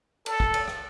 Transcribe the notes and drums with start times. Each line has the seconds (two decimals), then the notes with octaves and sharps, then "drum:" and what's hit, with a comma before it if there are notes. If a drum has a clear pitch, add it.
0.26 A4, drum: cymbal
0.40 drum: kick
0.54 drum: cymbal
0.68 drum: rim click